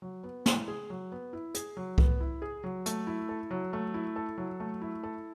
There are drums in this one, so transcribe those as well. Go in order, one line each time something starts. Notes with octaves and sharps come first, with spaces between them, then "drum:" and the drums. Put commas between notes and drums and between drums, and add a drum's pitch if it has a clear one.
F#3
B3
E4, drum: snare
G#4
F#3
B3
E4
G#4, drum: hi-hat
F#3
B3, drum: kick C2
E4
G#4
F#3
A3, drum: hi-hat
E4
A4
F#3
A3
E4
A4
F#3
A3
E4
A4